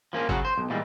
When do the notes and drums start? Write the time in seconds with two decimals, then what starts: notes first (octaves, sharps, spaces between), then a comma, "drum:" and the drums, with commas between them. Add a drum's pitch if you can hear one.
0.13 F3 A#3 C#4
0.29 C#3 F#3 F#4, drum: kick G1, tambourine
0.45 C5
0.58 B1
0.70 A#2 E3 G3 G#3